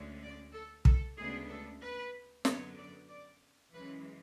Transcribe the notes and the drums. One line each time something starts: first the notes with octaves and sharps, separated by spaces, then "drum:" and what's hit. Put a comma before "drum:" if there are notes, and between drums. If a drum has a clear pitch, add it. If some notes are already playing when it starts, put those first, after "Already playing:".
Already playing: D2 D3 G#3 C#4
D5
A4
A4, drum: kick
D2 C#3 G#3 B3 D4 G#4
A4
B4
F#2 D3 F#3 B3 C#5, drum: snare
D5
D5
F#2 C#3 E3 G#3 C#4 B4